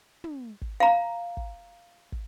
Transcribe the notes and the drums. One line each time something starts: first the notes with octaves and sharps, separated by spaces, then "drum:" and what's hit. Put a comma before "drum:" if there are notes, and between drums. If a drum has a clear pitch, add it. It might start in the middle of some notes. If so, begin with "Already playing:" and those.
drum: tom
drum: kick
F5 A#5
drum: kick
drum: kick